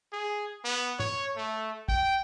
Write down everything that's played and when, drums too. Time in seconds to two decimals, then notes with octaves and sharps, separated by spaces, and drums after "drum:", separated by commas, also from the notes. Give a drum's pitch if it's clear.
0.13 G#4
0.64 B3
1.00 C#5, drum: tom G#2
1.37 A3
1.89 G5, drum: kick